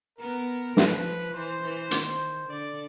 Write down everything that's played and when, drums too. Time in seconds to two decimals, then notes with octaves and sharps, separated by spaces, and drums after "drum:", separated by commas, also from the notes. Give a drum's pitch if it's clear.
0.19 B3 A#4
0.77 F3 B4, drum: snare
1.34 E3 C5
1.63 E3
1.91 D#3, drum: hi-hat
2.48 D3 D5